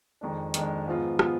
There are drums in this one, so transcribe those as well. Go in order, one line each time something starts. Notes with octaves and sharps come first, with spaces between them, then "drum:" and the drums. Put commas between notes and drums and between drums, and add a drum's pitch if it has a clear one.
F2 D#3 G#3 D4
F2 D#3 G#3 D4, drum: hi-hat
G#2 F3 B3 F4 G#4
F3 B3 F4 G#4, drum: rim click